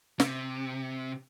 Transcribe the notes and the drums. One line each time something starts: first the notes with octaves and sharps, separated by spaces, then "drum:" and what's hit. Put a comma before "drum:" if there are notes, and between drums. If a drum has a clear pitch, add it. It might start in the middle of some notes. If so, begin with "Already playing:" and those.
C3, drum: snare